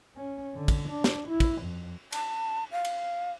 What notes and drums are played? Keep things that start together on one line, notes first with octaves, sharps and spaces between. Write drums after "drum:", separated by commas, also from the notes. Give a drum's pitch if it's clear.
C#4
D3
drum: kick, cymbal
D4
drum: snare
E4
drum: kick, cymbal
F2
A5, drum: cymbal
F5
drum: cymbal